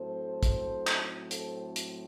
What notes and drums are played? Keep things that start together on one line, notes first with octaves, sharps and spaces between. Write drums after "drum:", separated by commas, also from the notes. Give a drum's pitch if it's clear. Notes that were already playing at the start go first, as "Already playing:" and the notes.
Already playing: A2 F#3 C4 A4 C5
drum: kick, hi-hat
drum: clap
A4 C5, drum: hi-hat
drum: hi-hat